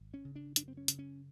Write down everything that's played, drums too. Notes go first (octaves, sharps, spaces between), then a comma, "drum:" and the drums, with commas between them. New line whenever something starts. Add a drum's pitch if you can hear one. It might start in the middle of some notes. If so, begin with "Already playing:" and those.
Already playing: G#1
C#4
C#3
D4
F#2 D4, drum: hi-hat
C4
C#4
C#3, drum: hi-hat
C#4